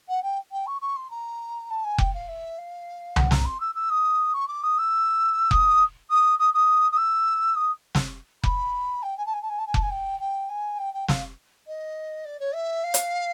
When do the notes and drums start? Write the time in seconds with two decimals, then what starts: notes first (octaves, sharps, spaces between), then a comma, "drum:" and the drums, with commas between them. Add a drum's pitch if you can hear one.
0.09 F#5
0.23 G5
0.52 G5
0.67 C#6
0.81 C#6
0.96 C6
1.11 A#5
1.70 A5
1.84 G#5
1.98 G5, drum: kick F1
2.14 F5
2.28 E5
2.58 F5
3.16 F#5, drum: tom C2
3.31 A#5, drum: snare
3.45 C6
3.60 E6
3.75 E6
3.90 D#6
4.34 C#6
4.48 D6
4.63 D#6
4.78 E6
5.51 D#6, drum: kick F1
6.10 D#6
6.39 D#6
6.54 D#6
6.92 D#6
6.97 E6
7.56 D#6
7.95 drum: snare
8.43 B5, drum: kick F1
9.03 G5
9.17 G#5
9.26 A5
9.33 G#5
9.42 A5
9.49 G#5
9.59 A5
9.67 G#5
9.74 A5, drum: kick F1
9.82 G#5
9.90 G5
10.20 G5
10.49 G#5
10.78 G5
10.94 G5
11.08 F5, drum: snare
11.67 D#5
12.25 D5
12.40 C#5
12.54 E5
12.84 F5
12.94 drum: hi-hat